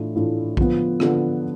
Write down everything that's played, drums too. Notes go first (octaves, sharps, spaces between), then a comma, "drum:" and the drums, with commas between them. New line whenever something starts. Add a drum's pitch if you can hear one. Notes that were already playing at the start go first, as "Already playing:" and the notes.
Already playing: A2 E3 A3 D4 F4
A2 E3 A3 D4 F4
D3 F3 B3 F4, drum: kick A#1
D3 F3 B3 F4, drum: rim click